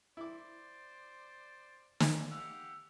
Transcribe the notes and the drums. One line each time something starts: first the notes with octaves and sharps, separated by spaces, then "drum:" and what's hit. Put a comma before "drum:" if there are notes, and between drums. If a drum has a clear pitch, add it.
E4 C5 D5 D6
drum: snare
G4 F5 F#5 E6